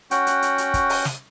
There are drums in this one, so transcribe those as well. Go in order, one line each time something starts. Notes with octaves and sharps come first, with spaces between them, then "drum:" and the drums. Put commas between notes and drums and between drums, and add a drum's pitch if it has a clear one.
C#4 F#4 F#5 G5, drum: hi-hat
drum: hi-hat
drum: hi-hat
drum: hi-hat
drum: kick, hi-hat
drum: open hi-hat
drum: snare